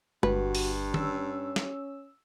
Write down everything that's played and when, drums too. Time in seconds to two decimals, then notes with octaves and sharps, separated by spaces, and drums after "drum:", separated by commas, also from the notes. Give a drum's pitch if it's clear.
0.23 G1 G2 F#4 B4, drum: tom
0.55 drum: open hi-hat
0.94 C#4 E6, drum: tom D#3
1.56 drum: snare